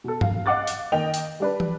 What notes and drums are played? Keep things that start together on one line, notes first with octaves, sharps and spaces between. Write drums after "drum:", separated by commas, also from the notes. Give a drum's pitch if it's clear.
B2 A4
F5, drum: tom
D#5 F5 F#5 D6 F#6 A6
drum: hi-hat
D#3 A#3 D#5 G5 F7
drum: hi-hat
G3 D4 B4
drum: tom